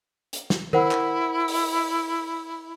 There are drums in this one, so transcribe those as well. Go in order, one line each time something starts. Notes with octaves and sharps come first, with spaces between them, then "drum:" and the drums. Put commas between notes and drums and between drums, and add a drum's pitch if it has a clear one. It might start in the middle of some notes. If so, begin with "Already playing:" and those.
drum: hi-hat
drum: snare
E4 A#4 C5 F#5, drum: tom D#3
drum: clap
drum: open hi-hat